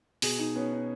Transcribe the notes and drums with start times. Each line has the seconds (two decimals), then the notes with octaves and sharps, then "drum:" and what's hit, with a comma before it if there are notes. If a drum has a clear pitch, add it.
0.22 B2 G#4, drum: open hi-hat
0.39 D#4
0.56 B3 C#4
0.73 D#4